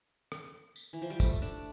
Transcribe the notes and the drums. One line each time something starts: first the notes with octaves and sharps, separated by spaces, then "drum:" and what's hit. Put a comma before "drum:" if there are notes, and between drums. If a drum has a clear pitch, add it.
drum: rim click
drum: tambourine
E3
F3
G3
A3, drum: kick, tambourine
D4